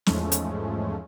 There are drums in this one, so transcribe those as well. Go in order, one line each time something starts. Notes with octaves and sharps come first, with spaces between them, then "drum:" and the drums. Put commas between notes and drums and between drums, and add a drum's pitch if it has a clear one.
E2 G#2 F3 G#3 A3 C#4, drum: snare
drum: hi-hat